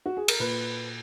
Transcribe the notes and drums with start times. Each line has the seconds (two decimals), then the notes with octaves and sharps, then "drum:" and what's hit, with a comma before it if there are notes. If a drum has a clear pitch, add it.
0.06 F#4
0.17 G#4
0.28 A#4, drum: cymbal
0.40 A#2 B4